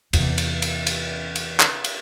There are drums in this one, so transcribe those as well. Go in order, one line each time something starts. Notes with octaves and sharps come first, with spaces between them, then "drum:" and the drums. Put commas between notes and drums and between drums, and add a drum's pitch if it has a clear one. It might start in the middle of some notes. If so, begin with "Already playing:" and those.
E2 C3, drum: cymbal
drum: cymbal
drum: cymbal
drum: cymbal
drum: cymbal
drum: clap
drum: cymbal